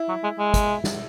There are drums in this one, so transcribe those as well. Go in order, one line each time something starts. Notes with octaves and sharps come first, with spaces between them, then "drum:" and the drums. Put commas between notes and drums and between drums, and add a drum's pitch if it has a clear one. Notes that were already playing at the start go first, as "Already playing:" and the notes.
Already playing: E4
F#3
G#3
G#3
drum: kick, hi-hat
drum: snare